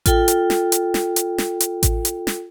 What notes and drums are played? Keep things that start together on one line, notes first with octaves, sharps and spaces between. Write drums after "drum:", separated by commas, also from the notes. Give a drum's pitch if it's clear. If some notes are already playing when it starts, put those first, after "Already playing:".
F4 A4 G5, drum: kick A1, hi-hat
drum: hi-hat
drum: snare
drum: hi-hat
drum: snare
drum: hi-hat
drum: snare
drum: hi-hat
drum: kick A1, hi-hat
drum: hi-hat
drum: snare